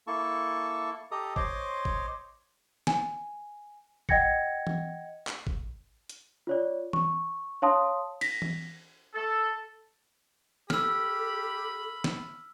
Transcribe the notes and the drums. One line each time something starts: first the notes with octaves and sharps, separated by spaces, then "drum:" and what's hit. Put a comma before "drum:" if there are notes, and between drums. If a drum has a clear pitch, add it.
A#3 E4 A4 A5 C#6
G4 A4 D#5 A#5 D#6
C5 C#5 D#5 C6 D6, drum: kick
drum: kick
G#5, drum: snare
D#5 F#5 G5 G#6 A#6 C#7, drum: kick
drum: tom E3
drum: clap
drum: kick
drum: hi-hat
F4 C#5 D5
C#6, drum: tom E3
C#5 F5 A5 C6 D#6
A#6 B6, drum: cymbal
drum: tom E3
A4
G4 A4 B5 E6 F6, drum: snare
drum: snare